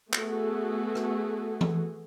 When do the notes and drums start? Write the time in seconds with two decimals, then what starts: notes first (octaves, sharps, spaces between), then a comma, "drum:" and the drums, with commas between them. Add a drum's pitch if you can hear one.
0.13 A3 B3 F#4 G#4 A4, drum: clap
0.95 drum: rim click
1.61 drum: tom E3